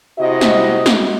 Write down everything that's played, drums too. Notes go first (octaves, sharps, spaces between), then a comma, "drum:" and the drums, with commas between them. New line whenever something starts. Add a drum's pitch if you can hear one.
C3 E4 F#4 D#5
drum: snare
drum: snare